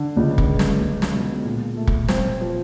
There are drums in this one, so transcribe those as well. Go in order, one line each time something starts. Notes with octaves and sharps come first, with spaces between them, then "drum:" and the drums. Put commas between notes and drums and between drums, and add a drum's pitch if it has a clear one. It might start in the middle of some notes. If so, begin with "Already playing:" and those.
Already playing: D3
C#2
drum: kick
G#3
drum: snare
C#2
drum: snare
B2
A#2
A3
drum: kick
C4, drum: snare
F3